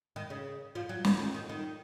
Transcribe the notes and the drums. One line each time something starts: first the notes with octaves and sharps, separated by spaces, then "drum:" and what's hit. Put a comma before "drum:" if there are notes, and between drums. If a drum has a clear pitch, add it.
D#3
C#3
F3
F#3
D#3, drum: snare
D#3
D#3
D#3